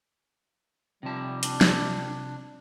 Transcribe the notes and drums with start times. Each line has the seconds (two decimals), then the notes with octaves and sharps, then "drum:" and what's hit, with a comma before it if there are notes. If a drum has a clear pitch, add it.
1.03 C3 F3 G3 A5
1.43 D4, drum: hi-hat
1.61 drum: snare